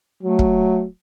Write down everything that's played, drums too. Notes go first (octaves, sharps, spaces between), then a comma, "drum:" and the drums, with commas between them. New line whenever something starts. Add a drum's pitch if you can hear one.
F#3 A3
drum: kick